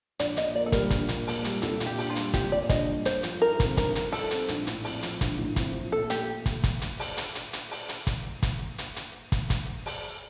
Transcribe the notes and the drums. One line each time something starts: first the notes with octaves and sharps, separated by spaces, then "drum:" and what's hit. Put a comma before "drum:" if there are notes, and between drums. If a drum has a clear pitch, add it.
A#1 D5, drum: hi-hat
A#2 D#5, drum: hi-hat
A#3 D5
A4
G3 A#4, drum: kick, hi-hat
A#1, drum: kick, hi-hat
A#2, drum: hi-hat
A#3, drum: open hi-hat
G3, drum: hi-hat
C2 A4, drum: hi-hat
A#2, drum: hi-hat
G4
D4, drum: open hi-hat
F4
G3, drum: hi-hat
C2 G4, drum: kick, hi-hat
A#2 D5
D4 D#5, drum: kick, hi-hat
G3
G2 C5, drum: hi-hat
F3, drum: hi-hat
D#4 A#4
C4, drum: kick, hi-hat
G2 A#4, drum: kick, hi-hat
F3, drum: hi-hat
D#4 A4, drum: open hi-hat
C4, drum: hi-hat
A#1, drum: hi-hat
A2, drum: hi-hat
C4, drum: open hi-hat
F3, drum: hi-hat
A#1, drum: kick, hi-hat
A2
C4, drum: kick, hi-hat
F3
A#2 A4
A3 G4, drum: hi-hat
drum: kick, hi-hat
drum: kick, hi-hat
drum: hi-hat
drum: open hi-hat
drum: hi-hat
drum: hi-hat
drum: hi-hat
drum: open hi-hat
drum: hi-hat
drum: kick, hi-hat
drum: kick, hi-hat
drum: hi-hat
drum: hi-hat
drum: kick, hi-hat
drum: kick, hi-hat
drum: open hi-hat